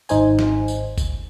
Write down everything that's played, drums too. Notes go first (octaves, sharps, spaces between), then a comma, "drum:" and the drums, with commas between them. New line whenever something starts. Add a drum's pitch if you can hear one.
G#1 D#4 C5 G#5, drum: tambourine
drum: snare
drum: tambourine
drum: kick G1, tambourine